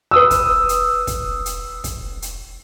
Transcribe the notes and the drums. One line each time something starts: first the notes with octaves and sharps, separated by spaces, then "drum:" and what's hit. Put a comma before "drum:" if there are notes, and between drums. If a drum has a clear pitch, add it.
B4 D#6 E6
drum: kick, hi-hat
drum: hi-hat
drum: kick, hi-hat
drum: hi-hat
drum: kick, hi-hat
drum: hi-hat